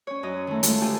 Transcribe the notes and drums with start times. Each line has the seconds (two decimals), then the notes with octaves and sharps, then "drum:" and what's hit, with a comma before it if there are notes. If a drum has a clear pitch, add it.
0.07 C#4 C#5
0.23 F#2 D#5
0.47 D#3 A3
0.63 G#3 A3 F4, drum: hi-hat
0.81 D2 F4 G4 A4 G#5